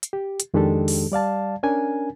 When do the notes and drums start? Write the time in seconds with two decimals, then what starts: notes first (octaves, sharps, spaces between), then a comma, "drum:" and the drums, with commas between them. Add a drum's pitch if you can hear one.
0.03 drum: hi-hat
0.13 G4
0.40 drum: hi-hat
0.54 F2 D#3 G#3 D4 G4 A4
0.88 drum: open hi-hat
1.12 G3 D5 F5 A5
1.63 C#4 D4 A#4 G#5